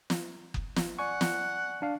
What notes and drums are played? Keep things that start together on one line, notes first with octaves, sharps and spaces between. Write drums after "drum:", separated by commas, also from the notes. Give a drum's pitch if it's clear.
drum: snare
drum: kick F#1
drum: snare
D5 F#5 G#5 C#6
drum: snare
D4 F5